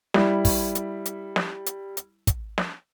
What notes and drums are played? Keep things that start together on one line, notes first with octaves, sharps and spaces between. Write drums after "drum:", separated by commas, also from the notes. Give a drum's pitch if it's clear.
G3 E4, drum: snare
drum: kick, open hi-hat
drum: hi-hat
drum: hi-hat
drum: snare
drum: hi-hat
drum: hi-hat
drum: kick, hi-hat
drum: snare